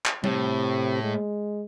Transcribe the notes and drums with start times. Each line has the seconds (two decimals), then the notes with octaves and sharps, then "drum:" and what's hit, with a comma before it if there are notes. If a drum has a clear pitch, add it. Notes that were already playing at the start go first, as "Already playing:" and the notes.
0.05 drum: clap
0.24 A2 C3, drum: tom G3
1.03 G#3